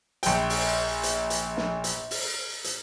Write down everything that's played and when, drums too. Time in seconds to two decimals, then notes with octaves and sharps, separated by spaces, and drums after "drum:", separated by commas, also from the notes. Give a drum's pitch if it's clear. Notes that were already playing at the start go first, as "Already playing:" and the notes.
0.23 A#1 G5, drum: hi-hat
0.50 drum: open hi-hat
1.03 drum: hi-hat
1.30 drum: hi-hat
1.57 drum: snare
1.84 drum: hi-hat
2.11 drum: open hi-hat
2.64 drum: hi-hat